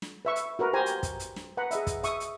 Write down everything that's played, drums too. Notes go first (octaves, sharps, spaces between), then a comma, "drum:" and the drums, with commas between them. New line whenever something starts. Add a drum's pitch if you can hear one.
drum: snare
B4 E5 C#6
drum: hi-hat
F#4 A#4 B4
G4 C5 G#5 A#5
drum: hi-hat
drum: kick, hi-hat
drum: hi-hat
drum: snare
B4 F#5 A#5 B5
G#4 D#5 E5, drum: hi-hat
drum: kick, hi-hat
E5 C#6 D#6, drum: hi-hat
drum: hi-hat